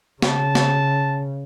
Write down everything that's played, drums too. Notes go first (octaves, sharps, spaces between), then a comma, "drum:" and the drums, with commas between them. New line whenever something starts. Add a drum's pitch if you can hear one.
C#3 A5, drum: snare
drum: snare